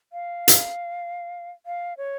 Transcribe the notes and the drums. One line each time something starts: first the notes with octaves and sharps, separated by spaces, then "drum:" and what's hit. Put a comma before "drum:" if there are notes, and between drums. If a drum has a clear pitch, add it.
F5
drum: hi-hat
F5
C#5